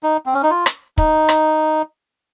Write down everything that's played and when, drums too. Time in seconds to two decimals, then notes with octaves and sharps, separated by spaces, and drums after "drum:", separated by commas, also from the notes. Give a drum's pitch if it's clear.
0.03 D#4
0.26 C4
0.34 C#4
0.43 D#4
0.51 F4
0.66 drum: rim click
0.98 D#4, drum: kick
1.29 drum: rim click